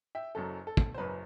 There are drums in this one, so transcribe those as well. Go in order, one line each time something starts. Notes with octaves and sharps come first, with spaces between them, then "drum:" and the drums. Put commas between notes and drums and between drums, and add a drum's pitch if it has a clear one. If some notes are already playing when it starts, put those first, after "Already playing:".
E5 G5
F#1 F#2 F#3 A4
A4
drum: kick
C5
F#1 F#2 F#3 B4